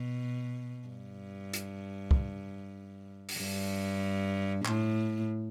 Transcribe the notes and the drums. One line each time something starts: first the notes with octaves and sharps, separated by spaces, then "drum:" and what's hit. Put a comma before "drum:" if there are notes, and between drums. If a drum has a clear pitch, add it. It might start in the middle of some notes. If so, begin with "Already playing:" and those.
Already playing: B2
G2
drum: hi-hat
drum: kick
drum: open hi-hat
G2
A2, drum: clap